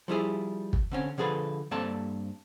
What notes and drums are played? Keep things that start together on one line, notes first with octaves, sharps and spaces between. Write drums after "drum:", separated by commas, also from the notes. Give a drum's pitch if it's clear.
F3 G3 E4 G#4
drum: kick
D3 C4 C#4
D3 F3 G#4 A4 B4
G2 A#3 C4 A4 D5 A5